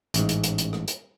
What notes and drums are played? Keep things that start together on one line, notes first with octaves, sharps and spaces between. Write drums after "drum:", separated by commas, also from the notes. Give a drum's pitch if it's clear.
A1 G#2, drum: hi-hat
drum: hi-hat
drum: hi-hat
drum: hi-hat
drum: rim click
drum: hi-hat